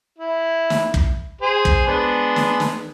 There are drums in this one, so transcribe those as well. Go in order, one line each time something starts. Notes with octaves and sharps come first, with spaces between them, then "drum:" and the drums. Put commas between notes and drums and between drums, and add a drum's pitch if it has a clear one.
E4
drum: snare
drum: kick
G#4 C5
drum: kick
G#3 B3 D4
drum: snare
drum: snare